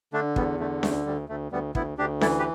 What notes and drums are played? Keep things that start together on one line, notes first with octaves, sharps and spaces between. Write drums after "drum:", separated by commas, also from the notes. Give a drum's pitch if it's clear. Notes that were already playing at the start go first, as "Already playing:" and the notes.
D3 A3 D4
E2 G3 B3, drum: kick
D3 A3
D2 A3, drum: snare C#4
D2 G3
D2 A3
D2 G3 B3
D2 B3 E4, drum: kick
D2 D4 G4
E3 E4 A4, drum: snare C#4
G4 B4